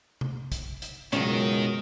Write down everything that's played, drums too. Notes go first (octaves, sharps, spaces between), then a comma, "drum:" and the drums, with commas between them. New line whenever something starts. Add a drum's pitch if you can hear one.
drum: tom C3
drum: kick, hi-hat
drum: hi-hat
C#2 F#2 B2 D#3 F#3 G#3 C#4, drum: hi-hat